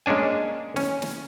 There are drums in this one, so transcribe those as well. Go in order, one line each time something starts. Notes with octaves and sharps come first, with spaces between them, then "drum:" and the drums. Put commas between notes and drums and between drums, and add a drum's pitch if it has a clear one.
G#3 A#3 C#4 D4 G#5
C#4, drum: snare
drum: snare